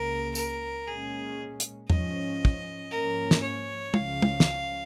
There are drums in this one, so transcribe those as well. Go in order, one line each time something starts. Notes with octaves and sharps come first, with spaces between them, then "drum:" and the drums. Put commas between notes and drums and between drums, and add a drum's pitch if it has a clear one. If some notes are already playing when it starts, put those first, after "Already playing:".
Already playing: C#2 C#3 A#3 A#4
A#4, drum: tambourine
A#2 G#3 C#4 G#4
drum: hi-hat
G#2 F3 C#4 D#5, drum: tom E2
drum: kick
G#2 F3 A#3 C#4 A#4
drum: snare
C#5
C#2 C#3 F3 C#4 F5, drum: tom
drum: tom
drum: snare